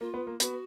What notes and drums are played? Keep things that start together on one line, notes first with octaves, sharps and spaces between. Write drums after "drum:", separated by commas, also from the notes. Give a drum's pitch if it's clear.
A#3 F4
B3
A#3
B3 F#4, drum: hi-hat